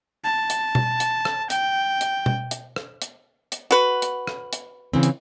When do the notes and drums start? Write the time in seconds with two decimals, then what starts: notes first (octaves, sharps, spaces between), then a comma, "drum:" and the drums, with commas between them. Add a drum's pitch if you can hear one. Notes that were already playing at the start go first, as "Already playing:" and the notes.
0.25 A5
0.50 drum: hi-hat
0.75 drum: tom B2
1.00 drum: hi-hat
1.25 drum: rim click
1.50 G5, drum: hi-hat
2.01 drum: hi-hat
2.26 drum: tom B2
2.51 drum: hi-hat
2.76 drum: rim click
3.02 drum: hi-hat
3.52 drum: hi-hat
3.71 F#4 B4
4.02 drum: hi-hat
4.27 drum: rim click
4.53 drum: hi-hat
4.93 C#3 E3 C4
5.03 drum: hi-hat